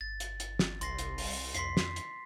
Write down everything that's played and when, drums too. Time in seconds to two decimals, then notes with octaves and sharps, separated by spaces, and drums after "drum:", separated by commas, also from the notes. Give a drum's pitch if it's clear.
0.01 G1 A6
0.20 drum: hi-hat
0.40 drum: hi-hat
0.59 drum: snare
0.81 C2 C6 A#6 C7, drum: hi-hat
0.99 drum: hi-hat
1.18 drum: open hi-hat
1.54 F2 C6 B6 C7, drum: hi-hat
1.77 drum: snare
1.96 drum: hi-hat